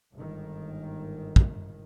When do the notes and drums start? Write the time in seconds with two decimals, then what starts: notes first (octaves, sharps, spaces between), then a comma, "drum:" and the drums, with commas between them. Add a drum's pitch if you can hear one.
0.13 G1 G#2 D#3
1.36 drum: kick